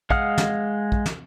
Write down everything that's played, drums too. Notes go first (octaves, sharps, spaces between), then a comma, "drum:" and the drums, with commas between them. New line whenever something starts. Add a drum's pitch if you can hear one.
G#3 F5 F#5 D#6 F6, drum: kick
drum: snare
drum: kick
drum: snare